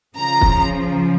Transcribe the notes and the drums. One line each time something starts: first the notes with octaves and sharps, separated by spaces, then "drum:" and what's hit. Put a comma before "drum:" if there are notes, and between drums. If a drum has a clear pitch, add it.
C#3 F3 A#5
drum: kick